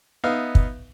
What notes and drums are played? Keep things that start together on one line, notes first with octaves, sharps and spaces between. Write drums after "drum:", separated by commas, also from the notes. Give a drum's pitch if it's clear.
B3 D#4 E5 F5
drum: kick